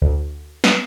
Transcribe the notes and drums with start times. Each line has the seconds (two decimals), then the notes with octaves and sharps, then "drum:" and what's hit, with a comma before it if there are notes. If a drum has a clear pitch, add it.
0.02 D2
0.64 B3, drum: snare